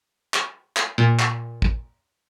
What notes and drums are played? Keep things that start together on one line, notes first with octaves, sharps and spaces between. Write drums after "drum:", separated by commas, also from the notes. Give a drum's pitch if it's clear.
drum: clap
drum: clap
A#2
drum: clap
drum: kick